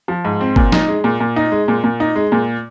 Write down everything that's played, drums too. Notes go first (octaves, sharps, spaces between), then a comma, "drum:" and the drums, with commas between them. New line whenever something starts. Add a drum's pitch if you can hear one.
F3
G#2
C4
A#2, drum: kick G1
D#4, drum: snare
G#3
A#2
A#2
D#4
G#3
A#2
A#2
D#4
G#3
A#2